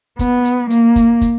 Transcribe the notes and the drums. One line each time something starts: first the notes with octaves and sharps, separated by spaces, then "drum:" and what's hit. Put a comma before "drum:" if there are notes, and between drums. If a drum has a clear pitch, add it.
B3, drum: kick, hi-hat
drum: hi-hat
A#3, drum: hi-hat
drum: kick, hi-hat
drum: kick, hi-hat